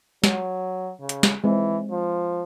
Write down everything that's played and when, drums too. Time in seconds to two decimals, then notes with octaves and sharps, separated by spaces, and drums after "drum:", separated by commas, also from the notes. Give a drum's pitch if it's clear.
0.24 F#3, drum: snare
1.00 C#3
1.09 drum: hi-hat
1.23 drum: snare
1.44 E3 G#3 C4
1.91 F3